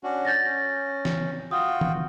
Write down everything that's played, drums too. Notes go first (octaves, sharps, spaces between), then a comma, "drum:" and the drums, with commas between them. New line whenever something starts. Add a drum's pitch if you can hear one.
C#4 D4 F#4
G6 A6 A#6
C#4
drum: snare
F4 F#4 G5 D#6
drum: tom